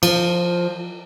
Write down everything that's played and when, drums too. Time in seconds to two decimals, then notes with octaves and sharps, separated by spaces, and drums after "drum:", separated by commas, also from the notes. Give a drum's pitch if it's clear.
0.03 F3, drum: cymbal